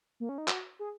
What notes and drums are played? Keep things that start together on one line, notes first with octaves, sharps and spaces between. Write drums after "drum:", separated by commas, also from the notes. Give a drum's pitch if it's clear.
A#3
C#4
D#4
F#4, drum: clap
G#4